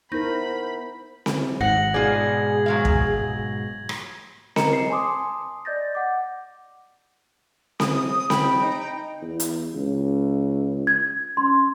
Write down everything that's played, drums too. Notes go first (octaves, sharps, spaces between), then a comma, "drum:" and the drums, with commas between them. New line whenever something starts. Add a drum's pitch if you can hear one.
B3 D#4 E4 A#4 C5 B5 G6 A#6
drum: snare C4
G#1 G#2 F#5 A#6 F#7
G#2 B2 F4 G#4 D5 G#6
F#3 G#3 F5
drum: kick
drum: rim click
A#4 D#5 A#5 C#7 E7, drum: snare C4
C7
G#5 A5 C6 D6 D#6
D5 D#5 G6 A6 A#6
F#5 D6
D#6, drum: snare C4
G5 B5, drum: snare C4
D#4
E2
drum: hi-hat
C#2
G#6
C#4 C6